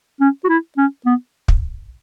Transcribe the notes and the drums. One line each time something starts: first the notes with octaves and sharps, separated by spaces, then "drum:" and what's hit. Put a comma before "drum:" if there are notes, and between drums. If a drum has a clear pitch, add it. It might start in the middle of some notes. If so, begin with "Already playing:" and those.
C#4
F#4
E4
C#4
B3
drum: kick